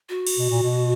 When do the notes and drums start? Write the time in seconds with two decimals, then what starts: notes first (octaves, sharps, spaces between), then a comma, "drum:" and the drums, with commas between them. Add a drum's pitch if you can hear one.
0.09 F#4
0.27 drum: cymbal
0.38 B2
0.50 A#2
0.63 B2